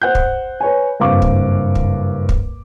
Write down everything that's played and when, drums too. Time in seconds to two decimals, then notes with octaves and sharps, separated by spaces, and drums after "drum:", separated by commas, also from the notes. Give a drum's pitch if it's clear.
0.01 C5 F#5 F#6 G6
0.15 drum: kick
0.60 B4 C#5 G#5
1.00 F#1 G2 C4 F5 C#6 D6
1.22 drum: kick
1.75 drum: kick
2.29 drum: kick